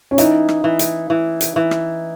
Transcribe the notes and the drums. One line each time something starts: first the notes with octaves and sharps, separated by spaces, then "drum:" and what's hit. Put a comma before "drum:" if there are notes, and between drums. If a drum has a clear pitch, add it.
C#4
E3 D#4, drum: hi-hat
drum: rim click
E3
drum: hi-hat
E3
drum: hi-hat
E3
drum: rim click